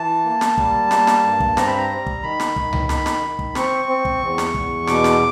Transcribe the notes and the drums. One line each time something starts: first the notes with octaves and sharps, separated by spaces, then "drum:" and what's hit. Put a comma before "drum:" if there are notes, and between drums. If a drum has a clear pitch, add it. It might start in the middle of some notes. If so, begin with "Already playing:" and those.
Already playing: E3 A5
A#3
drum: snare
G3, drum: kick
A#3, drum: snare
drum: snare
G2
drum: kick
C4 A#5, drum: snare
B5
A#5
G3
drum: kick
D#3 B5
drum: snare
D#3, drum: kick
drum: tom C#2
D#3 B5, drum: snare
drum: snare
D#3
drum: kick
C4 C#6, drum: snare
C4
drum: kick
E2
drum: snare
E2, drum: kick
B2 D6, drum: snare
drum: snare